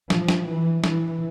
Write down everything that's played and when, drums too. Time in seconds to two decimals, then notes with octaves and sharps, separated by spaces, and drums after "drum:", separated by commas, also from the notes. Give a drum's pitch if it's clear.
0.10 F3, drum: snare
0.28 drum: snare
0.47 E3
0.84 E3, drum: snare